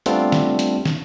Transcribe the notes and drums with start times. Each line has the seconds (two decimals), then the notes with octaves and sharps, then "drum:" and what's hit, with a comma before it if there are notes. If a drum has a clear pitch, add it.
0.06 G3 A3 B3 C4 D4 F4, drum: hi-hat
0.32 drum: snare
0.59 drum: hi-hat
0.86 drum: snare